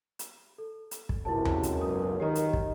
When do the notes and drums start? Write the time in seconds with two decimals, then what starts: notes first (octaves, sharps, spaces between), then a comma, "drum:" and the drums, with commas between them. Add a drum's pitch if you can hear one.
0.19 drum: hi-hat
0.58 A4
0.91 drum: hi-hat
1.09 drum: kick
1.25 C#2 F#2 C3 E4 A5
1.45 drum: tom D#2
1.63 drum: hi-hat
1.81 F#1 B1 G#2 D#6
2.20 D#3 G4 D#5 A#5
2.35 drum: hi-hat
2.53 drum: kick